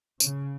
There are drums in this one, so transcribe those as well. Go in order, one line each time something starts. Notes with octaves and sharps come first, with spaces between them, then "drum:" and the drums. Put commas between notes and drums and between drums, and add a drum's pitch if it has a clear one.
C#3, drum: tambourine